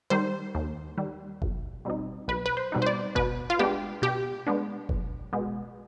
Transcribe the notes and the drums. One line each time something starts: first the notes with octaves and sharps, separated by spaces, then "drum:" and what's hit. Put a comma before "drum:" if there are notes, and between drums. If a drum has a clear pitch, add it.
D#3 G3 C5
D#2
D#3 G3
B1, drum: kick F#1
B2 G3 C4 D#4
B1 B4
B4
C5
B2 G3 C4 D#4
C5
D5
B2 B4, drum: kick F#1
F4
G#3 B3 D4 G4
B2 G4
G#3 B3 D4
B1, drum: kick F#1
B2 G#3 B3